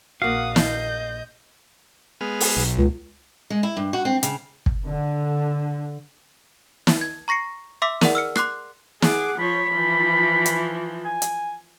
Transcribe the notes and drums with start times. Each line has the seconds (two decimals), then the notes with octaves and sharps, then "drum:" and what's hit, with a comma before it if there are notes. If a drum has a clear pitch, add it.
0.22 A#1 A#3 F#4 F5 F#5 D#6
0.56 D#5 G6, drum: snare
2.21 G#3 B3 F6
2.40 drum: open hi-hat
2.56 B1
2.78 C#2
3.50 G#3
3.63 E4
3.77 G2
3.93 F#4
4.05 C4
4.23 C#3, drum: hi-hat
4.66 drum: kick
4.86 D3
6.87 drum: snare
7.01 G#6
7.28 A#5 C#6 A#6 C7 C#7
7.82 E5 C6 D6 E6 B6
8.01 G#4 A#4 D5 F#5, drum: snare
8.15 E6 F6 C#7
8.36 C6 D6 F#6 C7, drum: rim click
9.02 G#4 F#5 D6, drum: snare
9.39 F3 C#5 B5
9.72 E3 F3
10.46 drum: hi-hat
11.05 G#5
11.22 drum: hi-hat